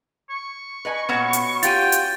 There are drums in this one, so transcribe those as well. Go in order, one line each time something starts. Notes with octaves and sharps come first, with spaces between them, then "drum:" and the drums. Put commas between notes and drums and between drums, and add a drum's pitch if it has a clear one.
C#6
B4 D#5 G#5
A#2 B3 C#4 F#4
drum: hi-hat
F4 G4 G5 A6 D#7, drum: hi-hat
drum: hi-hat